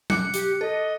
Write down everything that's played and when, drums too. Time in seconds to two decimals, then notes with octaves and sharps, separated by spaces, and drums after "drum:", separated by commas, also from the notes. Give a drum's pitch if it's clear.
0.10 D6 F#6 C#7, drum: tom F#3
0.34 G4, drum: hi-hat
0.61 A4 D#5